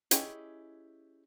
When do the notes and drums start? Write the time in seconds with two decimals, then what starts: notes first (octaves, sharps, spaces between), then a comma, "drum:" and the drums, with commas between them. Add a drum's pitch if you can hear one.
0.11 C#4 E4 G4 G#4 D#5, drum: hi-hat